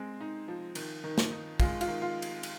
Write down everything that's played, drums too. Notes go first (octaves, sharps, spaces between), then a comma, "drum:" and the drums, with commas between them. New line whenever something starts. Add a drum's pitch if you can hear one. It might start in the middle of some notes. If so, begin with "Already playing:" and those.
Already playing: G#3 C4
D#4
F3
D#3, drum: cymbal
D#3
drum: snare
D#4
G#3 F4, drum: kick, cymbal
F4, drum: cymbal
D#3
F4
drum: cymbal
drum: cymbal